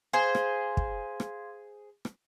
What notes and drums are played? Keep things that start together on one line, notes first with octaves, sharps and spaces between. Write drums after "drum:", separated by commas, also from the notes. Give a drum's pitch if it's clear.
G#4 C5 F5 C6 G#6
drum: rim click
drum: kick
drum: rim click
drum: rim click